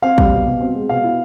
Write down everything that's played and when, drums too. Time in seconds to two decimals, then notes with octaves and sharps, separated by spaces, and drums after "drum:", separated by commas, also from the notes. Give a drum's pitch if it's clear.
0.02 C4 F5
0.18 G3, drum: kick
0.32 B2
0.46 B2
0.61 C4
0.75 G#3
0.89 B2 F5
1.04 E4